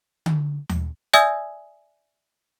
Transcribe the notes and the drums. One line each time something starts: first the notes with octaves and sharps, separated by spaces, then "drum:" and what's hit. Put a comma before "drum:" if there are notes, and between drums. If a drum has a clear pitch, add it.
drum: tom D3
drum: tom D#2
D5 E5 G#5 D#6 E6 G#6, drum: hi-hat